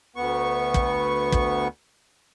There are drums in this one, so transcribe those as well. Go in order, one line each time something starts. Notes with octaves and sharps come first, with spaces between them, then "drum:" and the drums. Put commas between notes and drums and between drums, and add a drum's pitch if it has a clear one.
D2 B3 C#6
drum: kick
drum: kick